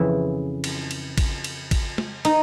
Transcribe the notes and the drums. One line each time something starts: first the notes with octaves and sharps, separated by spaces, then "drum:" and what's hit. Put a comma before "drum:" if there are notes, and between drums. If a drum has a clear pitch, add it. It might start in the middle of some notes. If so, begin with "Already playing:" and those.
Already playing: F2 C#3 E3 E4
drum: cymbal
drum: cymbal
drum: kick, cymbal
drum: cymbal
drum: kick, cymbal
drum: tom
D#4, drum: cymbal